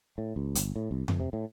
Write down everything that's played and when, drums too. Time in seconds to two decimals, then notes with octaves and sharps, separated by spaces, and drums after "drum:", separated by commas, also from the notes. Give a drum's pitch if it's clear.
0.18 A2
0.36 C#2
0.55 G1, drum: hi-hat
0.76 A2
0.91 C2
1.08 F2, drum: tom F2
1.20 C3
1.33 A2